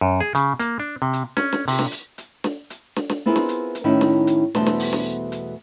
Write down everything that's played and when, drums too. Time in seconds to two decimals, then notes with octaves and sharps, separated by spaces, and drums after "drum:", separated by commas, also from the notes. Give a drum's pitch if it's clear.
0.01 F#2
0.20 G#4
0.35 C#3, drum: hi-hat
0.60 A#3, drum: hi-hat
0.80 D4
1.02 C3
1.13 drum: hi-hat
1.37 C#4, drum: snare
1.53 drum: snare
1.68 C3, drum: open hi-hat
1.79 drum: snare
1.92 drum: hi-hat
2.18 drum: hi-hat
2.44 drum: snare
2.70 drum: hi-hat
2.96 drum: snare
3.09 drum: snare
3.26 B3 C4 E4 F4 G#4 A#4
3.36 drum: snare
3.49 drum: hi-hat
3.75 drum: hi-hat
3.84 A2 D#3 C#4 D#4 E4
4.01 drum: snare
4.27 drum: hi-hat
4.55 E2 B2 G3 A3 C5 A5, drum: snare
4.66 drum: snare
4.80 drum: open hi-hat
4.93 drum: snare
5.32 drum: hi-hat